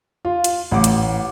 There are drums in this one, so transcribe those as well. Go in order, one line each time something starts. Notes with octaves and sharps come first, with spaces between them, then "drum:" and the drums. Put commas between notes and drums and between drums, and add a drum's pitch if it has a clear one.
F4
drum: hi-hat
A1 F#5 D6
drum: hi-hat